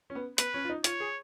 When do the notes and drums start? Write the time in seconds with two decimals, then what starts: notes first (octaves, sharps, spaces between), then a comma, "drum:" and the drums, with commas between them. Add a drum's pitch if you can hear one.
0.10 C#4
0.15 B3
0.38 B3 B4, drum: hi-hat
0.54 C#4
0.65 F4
0.69 D#4
0.84 F4 C#5, drum: hi-hat
1.00 G#4